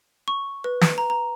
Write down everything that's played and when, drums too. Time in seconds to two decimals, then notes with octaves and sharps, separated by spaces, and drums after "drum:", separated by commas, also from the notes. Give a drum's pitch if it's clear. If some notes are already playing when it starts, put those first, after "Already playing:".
0.28 C#6
0.64 B4
0.81 drum: snare
0.98 A#5
1.10 A#5